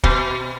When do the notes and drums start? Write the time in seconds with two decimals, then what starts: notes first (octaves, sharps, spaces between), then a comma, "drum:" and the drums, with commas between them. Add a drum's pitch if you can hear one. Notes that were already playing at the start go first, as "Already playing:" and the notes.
0.04 B2, drum: kick